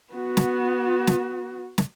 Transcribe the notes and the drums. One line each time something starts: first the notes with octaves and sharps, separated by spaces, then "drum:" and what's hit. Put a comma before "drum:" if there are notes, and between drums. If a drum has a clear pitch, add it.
B3 F#4
drum: snare
drum: snare
drum: snare